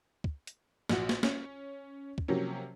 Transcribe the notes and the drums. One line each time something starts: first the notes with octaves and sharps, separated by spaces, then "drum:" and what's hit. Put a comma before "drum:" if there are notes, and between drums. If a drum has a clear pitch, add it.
drum: kick
drum: hi-hat
A#1 F#4, drum: snare
drum: snare
C#4, drum: snare
drum: kick
C3 F3 F#3 A#3 C#4